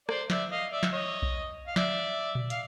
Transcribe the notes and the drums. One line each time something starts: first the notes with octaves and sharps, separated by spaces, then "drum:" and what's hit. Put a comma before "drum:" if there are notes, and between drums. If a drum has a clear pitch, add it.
C5 D5, drum: rim click
D5 E5, drum: snare
D#5 F5
D5 E5
drum: snare
C#5 D#5
drum: kick B1
F5
D5 E5, drum: snare
drum: tom A#2
F5, drum: hi-hat